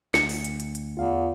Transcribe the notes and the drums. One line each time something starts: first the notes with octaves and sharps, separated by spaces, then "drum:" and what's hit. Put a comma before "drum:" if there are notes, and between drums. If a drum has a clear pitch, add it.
D2 C#7, drum: snare
drum: open hi-hat
drum: hi-hat
drum: hi-hat
drum: hi-hat
E2 F4 F5